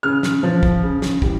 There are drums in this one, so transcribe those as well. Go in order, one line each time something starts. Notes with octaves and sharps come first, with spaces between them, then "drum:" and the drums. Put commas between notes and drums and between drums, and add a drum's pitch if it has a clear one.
C#3 F6
drum: snare
F3
drum: kick
C#3
drum: snare
E3 G3, drum: kick